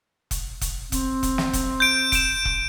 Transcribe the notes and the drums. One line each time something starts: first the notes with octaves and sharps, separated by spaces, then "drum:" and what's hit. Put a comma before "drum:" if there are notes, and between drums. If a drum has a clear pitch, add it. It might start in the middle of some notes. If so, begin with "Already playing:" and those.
drum: kick E1, hi-hat
drum: kick E1, hi-hat
C4, drum: kick E1, hi-hat
drum: kick E1, hi-hat
drum: snare
drum: kick E1, hi-hat
G6 D7
D7 E7, drum: kick E1, hi-hat
drum: kick E1